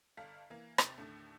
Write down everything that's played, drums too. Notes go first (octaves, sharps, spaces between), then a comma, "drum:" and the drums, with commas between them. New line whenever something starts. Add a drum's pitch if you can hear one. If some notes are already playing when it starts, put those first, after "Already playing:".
G1 A4 F5 B6
E3 A#3
D#2 C3 C4 A6, drum: rim click
D#2 A2 D3 A3